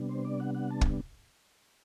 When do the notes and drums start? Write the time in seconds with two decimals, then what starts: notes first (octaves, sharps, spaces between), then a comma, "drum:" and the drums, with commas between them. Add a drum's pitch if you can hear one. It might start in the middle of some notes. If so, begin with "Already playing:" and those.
Already playing: C3 G3 B3 D4
0.09 C5
0.25 D5
0.40 F#5
0.55 F#5
0.70 A5
0.81 drum: kick